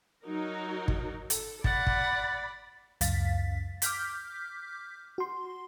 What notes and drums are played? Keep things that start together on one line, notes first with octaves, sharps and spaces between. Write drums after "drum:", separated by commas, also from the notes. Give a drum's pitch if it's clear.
F#3 D#4 A#4
drum: kick
A4, drum: hi-hat
D5 F#5 B5 A6, drum: kick
drum: kick
C#2 F#2 F5 A6 B6, drum: hi-hat
D6 F6 G6 B6, drum: hi-hat
F#4 C6